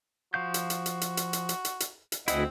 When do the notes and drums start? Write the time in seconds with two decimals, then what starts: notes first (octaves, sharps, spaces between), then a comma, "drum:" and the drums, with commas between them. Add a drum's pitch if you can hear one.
0.34 F3 F#4 F5 G6
0.54 drum: hi-hat
0.70 drum: hi-hat
0.86 drum: hi-hat
1.01 drum: hi-hat
1.17 drum: hi-hat
1.33 drum: hi-hat
1.49 drum: hi-hat
1.65 drum: hi-hat
1.80 drum: hi-hat
2.12 drum: hi-hat
2.28 D2 C4 E4 G#4 D#5 F#5, drum: hi-hat